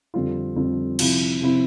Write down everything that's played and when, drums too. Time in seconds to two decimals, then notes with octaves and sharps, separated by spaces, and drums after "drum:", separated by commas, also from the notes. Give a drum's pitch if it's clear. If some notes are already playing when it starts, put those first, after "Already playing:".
0.14 F2 D3 G3 C4 F4
0.56 F2 D3 G3 C4 F4
0.99 C3 F3 C4 E4, drum: cymbal
1.41 C3 F3 C4 E4